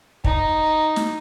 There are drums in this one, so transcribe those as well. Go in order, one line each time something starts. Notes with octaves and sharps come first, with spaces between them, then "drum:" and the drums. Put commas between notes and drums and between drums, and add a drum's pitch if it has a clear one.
D#4, drum: kick
drum: snare